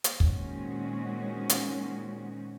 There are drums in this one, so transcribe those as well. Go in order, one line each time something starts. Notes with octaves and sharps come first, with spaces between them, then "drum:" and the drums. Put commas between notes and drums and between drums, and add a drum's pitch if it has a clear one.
drum: hi-hat
A#2 D#3 G#3 C4 C#4 F#4, drum: kick
drum: hi-hat